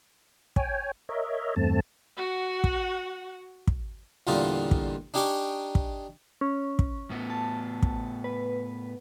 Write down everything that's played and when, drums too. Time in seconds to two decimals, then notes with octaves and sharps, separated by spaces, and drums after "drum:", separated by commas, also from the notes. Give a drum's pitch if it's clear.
0.56 C#5 G5 G#5, drum: kick
1.09 A#4 C#5 D#5 E5
1.56 E2 G2 A3 C4 A5
2.17 F#4 F#5
2.64 drum: kick
3.67 drum: kick
4.27 E2 A#2 D3 G3 D#4 F4
4.71 drum: kick
5.14 D4 D#4 G4 G#5 C#6 D6
5.75 drum: kick
6.41 C#4
6.79 drum: kick
7.10 A2 B3
7.30 A5
7.83 drum: kick
8.24 B4